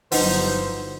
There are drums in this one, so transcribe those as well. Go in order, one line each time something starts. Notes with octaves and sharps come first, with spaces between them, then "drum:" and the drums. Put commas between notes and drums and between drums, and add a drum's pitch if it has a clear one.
G1 F3 F#3 D#4 E4 B4 C5 F#5, drum: open hi-hat